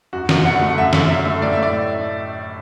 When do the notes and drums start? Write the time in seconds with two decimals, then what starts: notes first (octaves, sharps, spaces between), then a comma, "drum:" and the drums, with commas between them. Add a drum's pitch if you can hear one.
0.13 F#2 F#4
0.29 F#2, drum: snare
0.45 D3 F#5
0.61 A3
0.69 F#5
0.78 F#2 E5
0.93 F#2, drum: snare
1.09 D3 E5
1.26 A3
1.42 A2 D5
1.53 A2 E5
1.63 D5